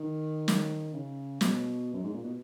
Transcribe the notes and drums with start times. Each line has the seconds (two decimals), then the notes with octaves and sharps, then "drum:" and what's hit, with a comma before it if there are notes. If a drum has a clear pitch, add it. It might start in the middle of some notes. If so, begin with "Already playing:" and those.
Already playing: D#3
0.48 drum: snare
0.94 C#3
1.41 B2, drum: snare
1.94 F#2
2.04 G#2
2.14 A#2
2.24 B2